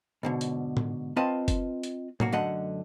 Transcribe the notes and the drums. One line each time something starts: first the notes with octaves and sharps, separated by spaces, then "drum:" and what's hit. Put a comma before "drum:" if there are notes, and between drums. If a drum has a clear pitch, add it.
G#2 B2 D3
drum: hi-hat
drum: tom A2
C4 F4 B4 D#5 A5
drum: kick F#1, hi-hat
drum: hi-hat
B1 A#3 F#4, drum: tom A2
F#2 D3 A3 D#5 F#5